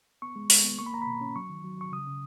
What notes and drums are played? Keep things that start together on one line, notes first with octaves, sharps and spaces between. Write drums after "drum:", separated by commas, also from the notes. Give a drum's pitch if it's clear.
B3 C#6
G#3
G#3, drum: open hi-hat
B3
A#3 C#6
B5
A#3 A#5
B5
B2
C#4
F#3 C#6
D#3
F#3
F#3 C#6
C#3 D#6
C#3